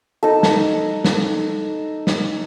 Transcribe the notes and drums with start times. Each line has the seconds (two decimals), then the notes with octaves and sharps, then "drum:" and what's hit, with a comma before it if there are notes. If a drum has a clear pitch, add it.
0.23 D#4 A4
0.43 drum: snare
1.05 drum: snare
2.07 drum: snare